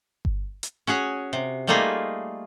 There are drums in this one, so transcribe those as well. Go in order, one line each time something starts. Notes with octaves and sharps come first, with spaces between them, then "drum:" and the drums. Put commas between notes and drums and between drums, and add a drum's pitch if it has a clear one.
drum: kick G1
drum: hi-hat
C#4 F#4 G#4 C#5
C3
G3 A3 A#3 D#4 F4 G#4